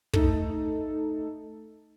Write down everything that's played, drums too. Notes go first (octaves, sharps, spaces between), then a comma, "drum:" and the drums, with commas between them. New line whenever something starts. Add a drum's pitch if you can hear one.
A3 D#4 A4, drum: kick